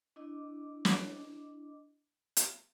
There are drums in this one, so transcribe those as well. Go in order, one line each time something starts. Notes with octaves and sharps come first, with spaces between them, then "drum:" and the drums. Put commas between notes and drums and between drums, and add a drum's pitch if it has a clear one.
D4 E4 D#5 D6
drum: snare
drum: hi-hat